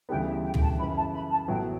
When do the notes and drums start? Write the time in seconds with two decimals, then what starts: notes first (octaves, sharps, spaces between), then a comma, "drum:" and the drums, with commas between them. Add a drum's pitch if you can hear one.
0.09 D2 C#3 E3 G3 B3 G5
0.26 E5
0.43 G5
0.54 G5, drum: tom
0.61 A5
0.79 F#2 C#3 E3 B5
0.96 A5
1.13 B5
1.31 A5
1.48 A1 A2 F#3 B3 G5